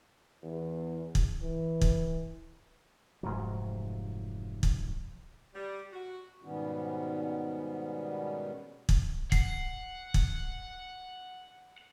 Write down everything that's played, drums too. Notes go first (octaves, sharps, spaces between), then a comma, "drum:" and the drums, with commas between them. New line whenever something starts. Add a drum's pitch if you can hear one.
E2
drum: kick
E3
drum: kick
F1 G#2 F#3
drum: kick
G3
F#4
G#2 B2 D#3 G3 B3 C#4
drum: kick
F#5 C7, drum: kick
drum: kick